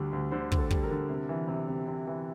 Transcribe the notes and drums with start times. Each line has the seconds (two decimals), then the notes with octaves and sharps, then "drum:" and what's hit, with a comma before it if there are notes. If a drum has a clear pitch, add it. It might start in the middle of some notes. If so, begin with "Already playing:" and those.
Already playing: D2 D3 G3
0.13 D2
0.31 D3 C5
0.52 D2, drum: kick
0.58 A4
0.70 G3, drum: kick
0.84 A#4
0.91 D3
1.10 C3
1.29 E3
1.48 C3
1.68 C3
1.87 C3
2.07 E3